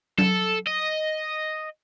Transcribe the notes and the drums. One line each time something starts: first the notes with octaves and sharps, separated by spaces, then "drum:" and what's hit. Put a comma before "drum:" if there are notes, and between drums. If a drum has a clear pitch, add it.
A4, drum: tom F#3
D#5